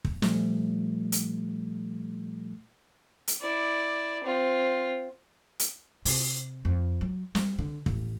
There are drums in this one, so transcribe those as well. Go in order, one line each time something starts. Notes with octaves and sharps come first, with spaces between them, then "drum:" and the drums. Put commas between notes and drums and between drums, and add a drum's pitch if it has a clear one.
drum: kick
A#2 F3 G3 A3, drum: snare
drum: hi-hat
drum: hi-hat
E4 D5
C4 F4
drum: hi-hat
C3, drum: open hi-hat
F2
F#3
G3, drum: snare
D3
A1, drum: kick